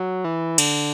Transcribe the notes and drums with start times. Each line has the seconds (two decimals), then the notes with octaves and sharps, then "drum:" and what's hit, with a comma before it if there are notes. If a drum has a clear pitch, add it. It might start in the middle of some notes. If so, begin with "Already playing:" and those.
Already playing: F#3
0.24 E3
0.58 D3, drum: cymbal